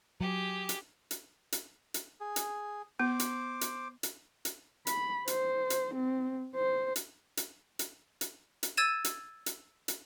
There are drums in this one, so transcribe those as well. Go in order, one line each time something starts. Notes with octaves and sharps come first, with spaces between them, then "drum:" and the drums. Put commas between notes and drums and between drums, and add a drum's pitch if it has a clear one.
F#3 G4 G#4
drum: hi-hat
drum: hi-hat
drum: hi-hat
drum: hi-hat
G#4
drum: hi-hat
B3 C5 D6
drum: hi-hat
drum: hi-hat
drum: hi-hat
drum: hi-hat
B5, drum: hi-hat
C5, drum: hi-hat
drum: hi-hat
C4
C5
drum: hi-hat
drum: hi-hat
drum: hi-hat
drum: hi-hat
drum: hi-hat
E6 G#6 A6 D#7 E7
drum: hi-hat
drum: hi-hat
drum: hi-hat